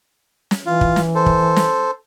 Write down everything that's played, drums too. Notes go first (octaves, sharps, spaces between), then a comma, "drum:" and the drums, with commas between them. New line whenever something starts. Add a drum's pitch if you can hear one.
drum: snare
E3 F4
drum: kick
drum: snare
A4 C5
drum: kick
drum: snare